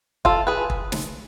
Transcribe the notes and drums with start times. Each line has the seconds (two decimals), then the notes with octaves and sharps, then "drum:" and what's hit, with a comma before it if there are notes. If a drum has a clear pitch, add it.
0.25 F4 A4, drum: kick
0.47 G#4 B4
0.70 drum: kick
0.92 drum: snare